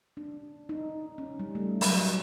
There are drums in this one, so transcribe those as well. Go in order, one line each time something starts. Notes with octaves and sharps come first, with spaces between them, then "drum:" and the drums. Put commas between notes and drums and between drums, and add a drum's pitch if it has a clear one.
D4
D#4
C#4
G3
A3
F#3, drum: open hi-hat